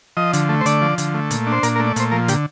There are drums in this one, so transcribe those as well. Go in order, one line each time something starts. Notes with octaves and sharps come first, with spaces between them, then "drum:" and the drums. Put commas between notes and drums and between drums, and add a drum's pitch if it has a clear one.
F3 D#5
D3, drum: hi-hat
A3
C5
D3 D5, drum: hi-hat
F3
D3, drum: hi-hat
A3
A#2, drum: hi-hat
D4
C5
A#2 A#4, drum: hi-hat
A#4
A3
D5
A#2 C5, drum: hi-hat
F3 A#4
D3 G4, drum: hi-hat